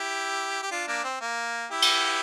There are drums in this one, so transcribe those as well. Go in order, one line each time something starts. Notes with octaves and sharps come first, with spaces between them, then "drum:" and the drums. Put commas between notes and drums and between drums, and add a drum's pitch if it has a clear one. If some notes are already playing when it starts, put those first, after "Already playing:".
Already playing: E4 G4
G4
D4 F4
A#3 D4
C4
A#3
E4 G4
drum: cymbal